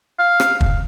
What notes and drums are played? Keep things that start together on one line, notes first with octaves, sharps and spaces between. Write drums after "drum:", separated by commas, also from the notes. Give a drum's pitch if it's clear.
F5
drum: rim click
drum: kick